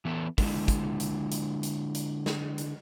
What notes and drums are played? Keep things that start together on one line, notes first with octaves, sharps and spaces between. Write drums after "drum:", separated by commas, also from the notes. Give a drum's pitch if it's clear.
E3 B3 E4 A4
D3 G#3 E4, drum: kick, open hi-hat
drum: kick, hi-hat
drum: hi-hat
drum: hi-hat
drum: hi-hat
drum: hi-hat
drum: snare
drum: hi-hat